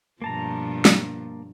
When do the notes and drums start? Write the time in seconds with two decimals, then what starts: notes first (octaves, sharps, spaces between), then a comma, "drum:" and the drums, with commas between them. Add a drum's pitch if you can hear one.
0.22 G2 B2 F3 A#3 A5 A#5
0.85 drum: snare